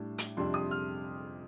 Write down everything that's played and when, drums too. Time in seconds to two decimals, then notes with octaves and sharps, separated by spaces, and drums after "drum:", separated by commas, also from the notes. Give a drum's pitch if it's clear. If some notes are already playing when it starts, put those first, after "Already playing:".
Already playing: A2 G3 D4
0.18 drum: hi-hat
0.37 F2 C3 G3 D4 C6
0.54 D#6
0.71 F6